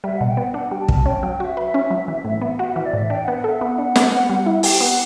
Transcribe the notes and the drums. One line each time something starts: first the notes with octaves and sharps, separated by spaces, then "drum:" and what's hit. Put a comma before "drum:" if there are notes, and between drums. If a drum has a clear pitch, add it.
G3 E5
F#5
B2
G5
B3 F#5
D4 F#5
G3 G5
A5
B2, drum: kick
C#4 G5
G5
F#3
G5
F#4 E5
B4
C#4
F#3
E3
A2
B3
F#4 F#5
E3 E5
D5
A2 E5
D4 G5
F#5
B3
F#5
A4 E5
B3 F#5
D4
B3, drum: snare
B3
G3
E4
G4 G5, drum: open hi-hat
B3 F#5